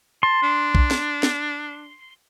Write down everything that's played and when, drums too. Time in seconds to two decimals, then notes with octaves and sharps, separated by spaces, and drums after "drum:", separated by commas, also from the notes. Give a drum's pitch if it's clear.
0.23 A5 C6
0.42 D4
0.75 drum: kick B1
0.91 drum: snare
1.23 drum: snare